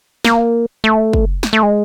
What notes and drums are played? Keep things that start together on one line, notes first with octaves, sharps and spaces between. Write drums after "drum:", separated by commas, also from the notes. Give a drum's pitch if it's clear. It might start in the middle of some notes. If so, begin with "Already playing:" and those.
A#3, drum: snare
A3
drum: kick
drum: snare
A3
G#3